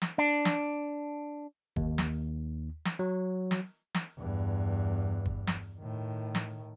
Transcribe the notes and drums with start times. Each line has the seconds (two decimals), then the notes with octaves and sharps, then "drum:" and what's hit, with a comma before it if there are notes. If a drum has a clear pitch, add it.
0.02 drum: snare
0.18 D4
0.45 drum: snare
1.76 D#2, drum: kick
1.98 drum: snare
2.85 drum: snare
2.99 F#3
3.51 drum: snare
3.95 drum: snare
4.18 E2 G2
5.26 drum: kick
5.47 drum: snare
5.80 A2 D#3
6.35 drum: snare